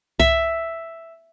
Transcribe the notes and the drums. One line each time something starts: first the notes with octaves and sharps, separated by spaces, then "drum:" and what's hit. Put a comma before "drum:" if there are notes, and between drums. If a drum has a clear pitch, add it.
E5, drum: kick C2